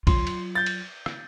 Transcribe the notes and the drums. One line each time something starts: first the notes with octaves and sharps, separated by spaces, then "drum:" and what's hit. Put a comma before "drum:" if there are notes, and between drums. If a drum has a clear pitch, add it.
F#3 F4 C6, drum: kick, cymbal
drum: cymbal
G6 A6
drum: cymbal
drum: rim click